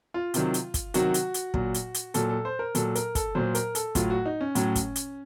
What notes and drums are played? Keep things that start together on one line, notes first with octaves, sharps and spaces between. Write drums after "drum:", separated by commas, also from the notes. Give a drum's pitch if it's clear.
F4
C3 D#3 F#3, drum: hi-hat
drum: hi-hat
drum: kick, hi-hat
C3 D#3 F#3 F#4, drum: hi-hat
drum: hi-hat
drum: hi-hat
A#2 F#3, drum: kick
drum: hi-hat
drum: hi-hat
A#2 F#3 A4, drum: hi-hat
A4
C5
A#4
A#2 F#3 A4, drum: hi-hat
A#4, drum: hi-hat
A4, drum: kick, hi-hat
A#2 F#3 C5
A#4, drum: hi-hat
A4, drum: hi-hat
A2 F#3 F4, drum: kick, hi-hat
F#4
D#4
C#4
A2 F#3, drum: hi-hat
drum: kick, hi-hat
drum: hi-hat